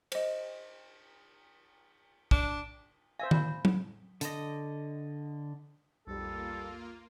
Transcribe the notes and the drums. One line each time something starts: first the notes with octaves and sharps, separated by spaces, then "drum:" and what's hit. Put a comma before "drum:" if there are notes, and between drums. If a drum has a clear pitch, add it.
C5 D#5, drum: cymbal
D4, drum: kick
C5 E5 F5 G#5
B5, drum: tom D#3
drum: tom F#3
D3 D#5, drum: hi-hat
B1 F2 G3 A#3 F4 A4